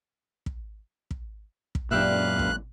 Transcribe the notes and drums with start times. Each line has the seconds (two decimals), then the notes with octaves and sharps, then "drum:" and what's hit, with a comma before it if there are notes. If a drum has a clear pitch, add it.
0.46 drum: kick
1.11 drum: kick
1.75 drum: kick
1.91 F#2 A#2 D4 G4 B4 E5 F5 F#6
2.39 drum: kick